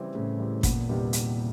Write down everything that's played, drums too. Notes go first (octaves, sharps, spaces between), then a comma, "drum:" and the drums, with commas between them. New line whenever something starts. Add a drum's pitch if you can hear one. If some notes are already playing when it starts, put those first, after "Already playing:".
Already playing: C#3 E3 G3 C4 E4
A2 C#3
E3 G3 C4 E4
E2 A#2, drum: kick, hi-hat
C3 D#3 G3 B3
E2, drum: hi-hat